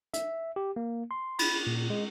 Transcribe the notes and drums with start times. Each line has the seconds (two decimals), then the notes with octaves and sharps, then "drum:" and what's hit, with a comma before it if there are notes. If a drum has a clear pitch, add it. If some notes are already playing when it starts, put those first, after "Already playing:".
0.14 E5, drum: hi-hat
0.56 G4
0.76 A#3
1.11 C6
1.39 B5, drum: cymbal
1.67 A#2
1.90 G#3